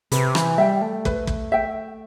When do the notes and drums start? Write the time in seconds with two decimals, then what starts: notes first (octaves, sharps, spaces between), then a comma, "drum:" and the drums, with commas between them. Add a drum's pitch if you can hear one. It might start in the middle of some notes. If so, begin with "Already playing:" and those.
0.12 C3 B4, drum: hi-hat
0.35 E3, drum: rim click
0.58 G3 E5 G5
0.82 A3
1.05 B4, drum: kick
1.27 drum: kick
1.52 E5 G5